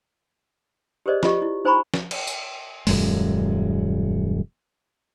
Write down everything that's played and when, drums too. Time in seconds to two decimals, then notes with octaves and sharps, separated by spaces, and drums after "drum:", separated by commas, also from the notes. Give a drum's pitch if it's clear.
1.06 G4 G#4 A#4 C5 D5 D#5
1.23 F4 G4 D#5 C#6, drum: snare
1.42 E4
1.65 D#4 C5 G#5 A#5 B5 C#6
1.94 drum: snare
2.11 drum: cymbal
2.27 drum: tambourine
2.87 D#1 F#2 G#3, drum: open hi-hat